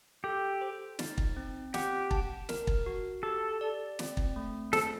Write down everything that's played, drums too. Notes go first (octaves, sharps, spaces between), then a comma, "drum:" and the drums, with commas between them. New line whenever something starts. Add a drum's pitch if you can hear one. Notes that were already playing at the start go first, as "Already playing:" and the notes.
G4 A4
C5
D#4, drum: snare
drum: kick
C4
G4 F#5, drum: snare
A5, drum: kick
A#4, drum: snare
drum: kick
F#4
G4 A4
D5
C4, drum: snare
drum: kick
A3
A4 C5, drum: snare